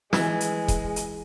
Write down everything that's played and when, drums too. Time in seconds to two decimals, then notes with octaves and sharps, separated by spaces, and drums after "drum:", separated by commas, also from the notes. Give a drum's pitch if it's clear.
0.13 E3 G#3, drum: snare
0.40 drum: hi-hat
0.68 drum: kick E1, hi-hat
0.96 drum: hi-hat